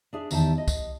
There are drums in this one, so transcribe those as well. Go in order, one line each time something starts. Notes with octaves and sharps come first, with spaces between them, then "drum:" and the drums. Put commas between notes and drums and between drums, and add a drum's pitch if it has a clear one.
D4 G#4 E5
E2 D#3 G4 E5 A5, drum: tambourine
D#5
drum: kick, tambourine